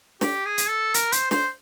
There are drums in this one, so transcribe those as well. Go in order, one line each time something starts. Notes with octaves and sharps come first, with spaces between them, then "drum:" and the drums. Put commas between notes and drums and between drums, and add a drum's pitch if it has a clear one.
G4, drum: snare
G#4
drum: hi-hat
A4
A#4, drum: hi-hat
C5, drum: hi-hat
C5, drum: snare